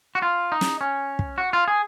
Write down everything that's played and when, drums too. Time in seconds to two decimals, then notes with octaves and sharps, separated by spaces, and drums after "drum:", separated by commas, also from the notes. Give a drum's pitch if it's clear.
0.15 F#4
0.22 F4
0.52 D#4
0.61 drum: snare
0.81 C#4
1.19 drum: kick
1.38 F#4
1.53 F4
1.68 G#4